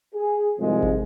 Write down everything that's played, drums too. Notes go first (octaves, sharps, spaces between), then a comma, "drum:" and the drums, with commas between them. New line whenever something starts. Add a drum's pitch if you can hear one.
G#4
C2 F2 G#2 C3 F3 G#3
drum: kick